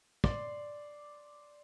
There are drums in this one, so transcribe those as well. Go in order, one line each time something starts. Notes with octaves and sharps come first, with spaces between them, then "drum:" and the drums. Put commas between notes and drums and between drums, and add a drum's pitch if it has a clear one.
D5 C6, drum: kick